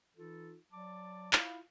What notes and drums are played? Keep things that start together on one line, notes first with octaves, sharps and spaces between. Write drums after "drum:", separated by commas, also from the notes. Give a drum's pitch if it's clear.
E3 D#4 F4 A4
F#3 D5 A5 D6
E4 F4 F5, drum: clap